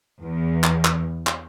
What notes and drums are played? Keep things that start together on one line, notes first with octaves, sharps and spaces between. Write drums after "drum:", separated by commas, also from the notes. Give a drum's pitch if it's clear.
E2
drum: clap
drum: clap
drum: clap